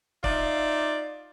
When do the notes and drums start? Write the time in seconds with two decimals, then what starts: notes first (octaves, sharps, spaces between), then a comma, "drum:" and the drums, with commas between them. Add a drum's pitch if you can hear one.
0.24 D#4 F4 D5 E5, drum: kick